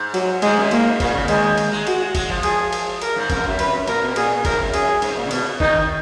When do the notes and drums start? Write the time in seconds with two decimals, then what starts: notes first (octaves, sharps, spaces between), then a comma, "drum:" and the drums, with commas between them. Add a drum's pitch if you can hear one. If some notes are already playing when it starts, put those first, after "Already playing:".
Already playing: G#2
0.14 F#3, drum: cymbal
0.42 G#2 G#3, drum: cymbal
0.57 F#2
0.71 G#2 A#3, drum: cymbal
1.00 A#2, drum: kick, cymbal
1.15 C#3
1.28 D#3 G#3, drum: cymbal
1.58 drum: cymbal
1.72 G#3
1.87 F#4, drum: cymbal
2.15 G#3, drum: kick, cymbal
2.29 F3
2.43 G#4, drum: cymbal
2.73 drum: cymbal
3.01 A#4, drum: cymbal
3.16 G#2
3.30 F2 A#4, drum: kick, cymbal
3.45 F#2
3.59 F#2 B4, drum: cymbal
3.74 F#2
3.87 A#2 A#4, drum: cymbal
4.02 B2
4.16 A#2 G#4, drum: cymbal
4.45 G#2 A#4, drum: kick, cymbal
4.60 F#2
4.74 F#2 G#4, drum: cymbal
5.02 G#2, drum: cymbal
5.17 A#2
5.26 C#3
5.31 B2, drum: cymbal
5.60 D#3 D#4, drum: kick